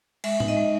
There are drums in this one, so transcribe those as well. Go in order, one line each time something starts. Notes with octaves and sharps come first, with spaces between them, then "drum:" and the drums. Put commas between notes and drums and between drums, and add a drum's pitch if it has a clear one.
G#3 E5, drum: cymbal
D#4, drum: tom A2
D#5
G#3